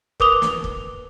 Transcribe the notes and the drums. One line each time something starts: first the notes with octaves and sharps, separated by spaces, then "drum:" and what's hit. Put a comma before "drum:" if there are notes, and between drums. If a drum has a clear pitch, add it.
A#4 B4 D6 D#6 F7 G7, drum: kick
drum: snare
drum: kick